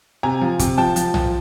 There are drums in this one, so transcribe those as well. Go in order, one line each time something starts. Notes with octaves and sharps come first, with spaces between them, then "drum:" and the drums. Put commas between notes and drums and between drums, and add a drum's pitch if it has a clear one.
C3 G#5 A#5
F3
C3, drum: kick, hi-hat
F3 G5 A5
F3, drum: hi-hat
F3, drum: tom B1